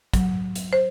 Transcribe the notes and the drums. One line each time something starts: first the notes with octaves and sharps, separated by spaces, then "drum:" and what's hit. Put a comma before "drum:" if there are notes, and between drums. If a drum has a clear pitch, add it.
F#3, drum: kick, hi-hat
drum: hi-hat
C5